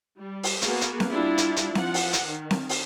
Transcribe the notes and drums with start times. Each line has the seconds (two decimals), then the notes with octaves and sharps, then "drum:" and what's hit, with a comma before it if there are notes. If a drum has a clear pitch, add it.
0.18 G3
0.43 drum: open hi-hat
0.62 A#3 B3 F#4 G#4, drum: hi-hat
0.81 drum: hi-hat
1.00 drum: snare C4
1.10 G3 D4 E4 F4
1.38 drum: hi-hat
1.56 drum: hi-hat
1.75 F3 F#5, drum: snare C4
1.94 drum: open hi-hat
2.13 drum: hi-hat
2.23 D#3
2.51 drum: snare C4
2.69 drum: open hi-hat